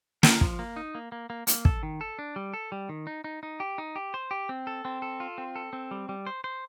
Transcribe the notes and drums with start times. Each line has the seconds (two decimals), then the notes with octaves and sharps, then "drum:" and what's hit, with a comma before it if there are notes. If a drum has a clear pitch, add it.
0.23 A#4, drum: snare
0.41 F3, drum: kick
0.59 A#3
0.76 D#4
0.95 A#3
1.12 A#3
1.30 A#3
1.47 A#3, drum: hi-hat
1.65 A4, drum: kick
1.83 D#3
2.01 A4
2.19 D4
2.36 G3
2.54 A4
2.72 G3
2.89 D#3
3.07 D#4
3.24 D#4
3.43 D#4
3.60 G4
3.78 D#4
3.96 G4
4.14 C5
4.31 G4
4.49 C4
4.67 A4
4.85 C4
5.02 A4
5.20 F4
5.38 C4
5.56 A4
5.73 C4
5.91 G3
6.09 G3
6.27 C5
6.44 C5